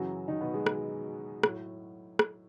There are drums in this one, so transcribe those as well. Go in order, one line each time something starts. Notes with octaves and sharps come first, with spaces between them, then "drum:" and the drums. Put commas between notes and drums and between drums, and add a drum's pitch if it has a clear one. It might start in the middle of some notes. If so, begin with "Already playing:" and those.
Already playing: F#2 C#3 E3 F#3 F#4
D#3 D#4
B2 B3
G#3
drum: rim click
A2 F#3, drum: rim click
drum: rim click